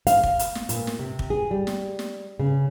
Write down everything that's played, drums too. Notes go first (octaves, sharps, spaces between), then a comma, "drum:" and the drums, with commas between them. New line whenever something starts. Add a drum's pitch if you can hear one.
F5, drum: hi-hat
drum: kick
drum: hi-hat
drum: snare
A#2, drum: hi-hat
drum: snare
C3
drum: kick
G#4
G3
drum: snare
drum: snare
C#3